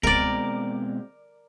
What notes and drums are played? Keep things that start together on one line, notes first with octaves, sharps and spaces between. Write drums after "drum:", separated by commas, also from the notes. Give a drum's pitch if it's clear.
B2 G#3 C4 A#4 D5, drum: kick